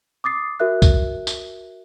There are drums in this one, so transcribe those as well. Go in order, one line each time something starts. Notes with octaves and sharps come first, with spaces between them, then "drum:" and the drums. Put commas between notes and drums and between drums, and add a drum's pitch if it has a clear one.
D6 D#6 A6 C7
F#4 A#4 E5 F#6
drum: kick, tambourine
drum: tambourine